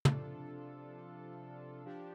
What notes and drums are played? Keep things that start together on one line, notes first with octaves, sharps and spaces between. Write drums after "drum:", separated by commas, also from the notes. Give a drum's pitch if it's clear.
C3 F3 D4 F4 A4, drum: tom
F3 D4 G4